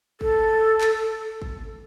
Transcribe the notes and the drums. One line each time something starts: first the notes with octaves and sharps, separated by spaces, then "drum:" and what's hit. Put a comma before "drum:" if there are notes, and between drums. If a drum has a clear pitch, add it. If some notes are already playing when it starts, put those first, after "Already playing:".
A4, drum: kick
drum: clap
drum: kick